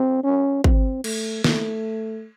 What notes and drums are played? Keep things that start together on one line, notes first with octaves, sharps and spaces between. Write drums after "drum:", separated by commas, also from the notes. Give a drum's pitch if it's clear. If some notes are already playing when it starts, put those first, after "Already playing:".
Already playing: C4
C#4
C4, drum: kick
A3, drum: cymbal
A3, drum: snare